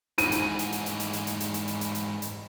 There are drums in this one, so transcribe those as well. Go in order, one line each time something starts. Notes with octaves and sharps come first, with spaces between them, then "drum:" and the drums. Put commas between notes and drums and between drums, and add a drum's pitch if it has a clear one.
G#2 E3 D#7, drum: hi-hat
drum: hi-hat
drum: hi-hat
drum: hi-hat
drum: hi-hat
drum: hi-hat
drum: hi-hat
drum: hi-hat
drum: hi-hat
drum: hi-hat
drum: hi-hat
drum: hi-hat
drum: hi-hat
drum: hi-hat